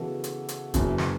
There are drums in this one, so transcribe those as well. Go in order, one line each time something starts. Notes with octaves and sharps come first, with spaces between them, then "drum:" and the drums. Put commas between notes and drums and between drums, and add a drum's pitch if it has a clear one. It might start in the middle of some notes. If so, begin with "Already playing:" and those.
Already playing: C#3 E3 B3 F#4 A4
drum: hi-hat
drum: hi-hat
F#1 F#2 E3, drum: kick, hi-hat
drum: snare